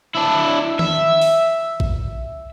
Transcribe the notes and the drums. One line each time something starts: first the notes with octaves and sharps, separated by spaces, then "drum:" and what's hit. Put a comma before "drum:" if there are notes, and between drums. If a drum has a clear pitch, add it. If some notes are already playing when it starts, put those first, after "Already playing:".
D4 E4
E5, drum: tom D#3
drum: open hi-hat
drum: kick A1